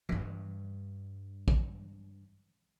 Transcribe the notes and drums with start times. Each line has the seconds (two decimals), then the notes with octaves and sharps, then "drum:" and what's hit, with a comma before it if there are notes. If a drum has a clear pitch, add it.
0.09 G2 G3, drum: tom E3
1.48 drum: kick